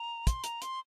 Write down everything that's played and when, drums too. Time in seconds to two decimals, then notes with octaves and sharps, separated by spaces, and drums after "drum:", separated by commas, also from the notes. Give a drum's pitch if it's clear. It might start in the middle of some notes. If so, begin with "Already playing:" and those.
Already playing: A#5
0.27 C6, drum: kick, hi-hat
0.44 A#5, drum: hi-hat
0.62 C6, drum: hi-hat